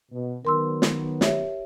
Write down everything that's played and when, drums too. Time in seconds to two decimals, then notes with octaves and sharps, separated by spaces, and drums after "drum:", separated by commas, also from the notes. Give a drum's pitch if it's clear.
0.12 B2
0.45 D#3 F#3 B3 A#4 C6 E6
0.82 drum: snare
1.21 G4 C#5 E5, drum: snare